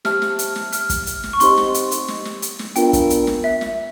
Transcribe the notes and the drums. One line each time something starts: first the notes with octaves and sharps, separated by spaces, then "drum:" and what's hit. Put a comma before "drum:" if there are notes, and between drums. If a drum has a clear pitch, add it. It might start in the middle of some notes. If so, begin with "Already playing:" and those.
G4 C5 E5 A5 F6, drum: snare
drum: snare
drum: hi-hat
drum: snare
F6, drum: hi-hat
drum: kick, hi-hat
drum: hi-hat
drum: snare
C#6
C4 D#4 G4 C5 D#5 C6, drum: hi-hat
drum: snare
drum: hi-hat
drum: hi-hat
drum: snare
drum: snare
drum: hi-hat
drum: snare
B3 D4 F4 A#4 G5, drum: hi-hat
drum: kick, hi-hat
drum: hi-hat
drum: snare
E5
drum: snare